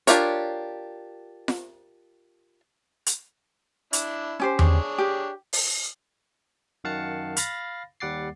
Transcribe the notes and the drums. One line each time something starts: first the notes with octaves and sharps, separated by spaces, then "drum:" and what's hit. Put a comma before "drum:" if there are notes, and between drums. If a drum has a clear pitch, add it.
D4 F4 G4 A#4 C#5, drum: hi-hat
drum: snare F4
drum: hi-hat
D4 E4, drum: hi-hat
C#4 G4 C5
D4 G#4 C#5, drum: tom E2
G4
drum: open hi-hat
F#2 D#3 F5 F#5 A5 C#7
F5 B5 A6 A#6, drum: hi-hat
D#2 G3 F#5 D6 A6 C7